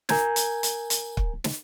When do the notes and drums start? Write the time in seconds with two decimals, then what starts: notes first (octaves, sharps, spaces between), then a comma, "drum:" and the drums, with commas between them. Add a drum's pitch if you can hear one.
0.09 A#4 G#5 A#5 G6 G#6, drum: snare
0.36 drum: hi-hat
0.63 drum: hi-hat
0.90 drum: hi-hat
1.17 drum: kick
1.44 drum: snare